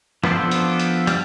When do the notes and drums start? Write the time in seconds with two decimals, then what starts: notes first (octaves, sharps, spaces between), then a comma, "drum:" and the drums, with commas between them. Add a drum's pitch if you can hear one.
0.24 F3 B3 D4 A4 C5, drum: snare
0.51 drum: hi-hat
0.80 drum: hi-hat
1.07 G3, drum: hi-hat